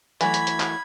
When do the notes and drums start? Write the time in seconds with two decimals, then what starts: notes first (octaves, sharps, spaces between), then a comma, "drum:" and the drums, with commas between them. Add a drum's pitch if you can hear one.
0.21 E3 F#3 A3 B5 G#6, drum: hi-hat
0.34 drum: hi-hat
0.47 drum: hi-hat
0.60 drum: clap